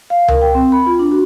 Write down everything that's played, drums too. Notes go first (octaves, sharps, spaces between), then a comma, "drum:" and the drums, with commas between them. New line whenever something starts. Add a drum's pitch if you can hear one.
F5
A#4, drum: tom C#2
G5
C4
B5
F4
D4
F#4